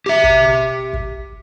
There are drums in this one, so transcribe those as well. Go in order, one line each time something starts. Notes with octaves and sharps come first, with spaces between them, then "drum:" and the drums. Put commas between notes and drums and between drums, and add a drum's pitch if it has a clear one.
G4 E5
drum: kick
drum: kick